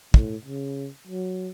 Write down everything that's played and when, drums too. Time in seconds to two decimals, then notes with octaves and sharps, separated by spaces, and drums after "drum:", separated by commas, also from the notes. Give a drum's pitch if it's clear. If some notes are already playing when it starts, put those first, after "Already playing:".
0.14 A2, drum: kick
0.46 C#3
1.07 F#3